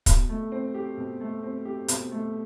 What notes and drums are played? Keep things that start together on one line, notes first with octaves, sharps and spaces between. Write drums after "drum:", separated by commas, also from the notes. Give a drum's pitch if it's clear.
B2, drum: kick, hi-hat
A3
C4
G4
B2
A3
C4
G4
B2, drum: hi-hat
A3